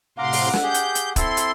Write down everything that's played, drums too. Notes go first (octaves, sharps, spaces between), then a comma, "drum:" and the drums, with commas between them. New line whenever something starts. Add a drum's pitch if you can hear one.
A2 C3 F5 F#5 A#5 C6 D6
drum: open hi-hat
drum: snare
G4 G#4 G6
drum: hi-hat
drum: hi-hat
C4 E4 A4 C6, drum: kick, hi-hat
drum: hi-hat